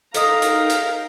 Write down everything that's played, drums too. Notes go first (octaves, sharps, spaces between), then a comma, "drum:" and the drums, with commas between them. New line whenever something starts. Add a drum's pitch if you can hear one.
D#4 A4 A#4 D#5 F5 G5 A#5 D#6, drum: hi-hat
drum: hi-hat
drum: hi-hat